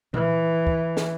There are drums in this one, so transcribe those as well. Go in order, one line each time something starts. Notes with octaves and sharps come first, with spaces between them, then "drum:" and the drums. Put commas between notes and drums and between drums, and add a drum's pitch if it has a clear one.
E3, drum: tom A#2
drum: kick C#2
drum: snare